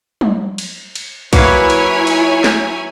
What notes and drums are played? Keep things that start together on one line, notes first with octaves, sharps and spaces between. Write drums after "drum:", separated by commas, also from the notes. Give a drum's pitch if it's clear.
drum: tom
drum: cymbal
drum: cymbal
F#3 A#3 E4 B4 C#5 G#5, drum: kick B1, cymbal
drum: cymbal
drum: cymbal
drum: snare